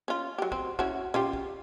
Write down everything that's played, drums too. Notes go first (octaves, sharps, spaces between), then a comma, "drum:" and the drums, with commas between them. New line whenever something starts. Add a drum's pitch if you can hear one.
C#4 F4
F#3 G4
C4, drum: kick
C#4 E4 F#4, drum: kick
C#4 F4 G4, drum: tom A#2
drum: kick